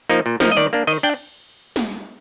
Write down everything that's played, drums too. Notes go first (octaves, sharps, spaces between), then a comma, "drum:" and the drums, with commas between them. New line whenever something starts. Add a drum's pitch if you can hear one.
F3 A#3 D#4
A#2
F3 A#3 D#4, drum: snare
D#5
D#3 D5
A#3 D4
D#3 D#5, drum: cymbal
D4 G5
drum: snare